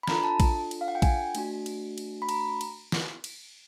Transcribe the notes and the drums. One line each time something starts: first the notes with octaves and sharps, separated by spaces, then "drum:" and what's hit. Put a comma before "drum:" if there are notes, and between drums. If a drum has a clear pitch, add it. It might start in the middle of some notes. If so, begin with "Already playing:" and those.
B5
D4 F4 A4 A#5, drum: snare
A5
drum: kick A#1, cymbal
drum: cymbal
F5
F#5
G5
G#5, drum: kick A#1, cymbal
A3 D4 F#4, drum: cymbal
drum: cymbal
drum: cymbal
B5
A#5, drum: cymbal
drum: cymbal
drum: snare
drum: cymbal